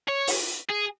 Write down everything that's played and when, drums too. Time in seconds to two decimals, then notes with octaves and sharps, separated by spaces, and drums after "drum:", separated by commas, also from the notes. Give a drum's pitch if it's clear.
0.09 C#5
0.27 drum: open hi-hat
0.70 G#4